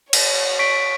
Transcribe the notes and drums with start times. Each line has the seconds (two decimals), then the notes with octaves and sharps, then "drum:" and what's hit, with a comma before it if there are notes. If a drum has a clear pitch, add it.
0.13 C#5, drum: cymbal
0.59 C#6 B6 D7